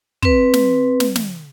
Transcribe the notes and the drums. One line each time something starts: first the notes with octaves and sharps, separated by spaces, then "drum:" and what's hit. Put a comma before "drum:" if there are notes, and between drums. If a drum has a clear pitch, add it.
C4 B4, drum: kick
drum: snare
drum: snare
drum: snare